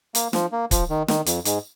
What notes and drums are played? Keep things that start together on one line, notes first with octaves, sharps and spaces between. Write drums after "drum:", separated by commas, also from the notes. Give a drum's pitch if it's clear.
A#3, drum: hi-hat
F3, drum: snare
A#3
F3, drum: kick, hi-hat
D#3
D#3, drum: snare
F2, drum: hi-hat
G#2, drum: hi-hat